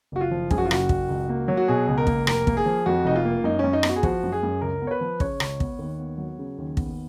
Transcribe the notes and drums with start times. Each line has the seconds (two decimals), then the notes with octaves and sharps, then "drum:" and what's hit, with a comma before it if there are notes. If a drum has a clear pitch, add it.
0.12 F#1 F#4
0.21 F4
0.31 F3
0.51 F#2 G#4, drum: kick
0.58 F#4
0.65 F4
0.71 F#1 F#4, drum: rim click
0.89 F#1, drum: kick
1.09 C#2
1.29 A#3
1.48 F#3
1.57 F#4
1.68 B2 G#4
1.88 C#2
1.98 A#4
2.07 A#3, drum: kick
2.27 F1 A#4, drum: rim click
2.47 A#3, drum: kick
2.57 G#4
2.66 F3
2.86 F2 F#4
3.05 F1 D#4
3.16 F4
3.25 A#3
3.44 F#2 D#4
3.59 F#2 C#4
3.73 D#4
3.83 B3, drum: rim click
3.89 F#4
3.96 G#4
4.03 F3 F#4, drum: kick
4.23 F#2
4.32 G#4
4.43 F#2
4.61 C#2 A#4
4.82 B3
4.87 C#5
4.91 B4
5.01 F3
5.20 C#3 C#5, drum: kick
5.40 C#2, drum: rim click
5.60 B3, drum: kick
5.79 D#2
5.99 B3
6.18 F#3
6.38 C#3
6.58 D#2
6.77 B3, drum: kick